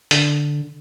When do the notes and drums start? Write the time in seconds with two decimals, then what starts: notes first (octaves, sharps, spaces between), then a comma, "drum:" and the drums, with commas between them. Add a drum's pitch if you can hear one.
0.11 D3, drum: hi-hat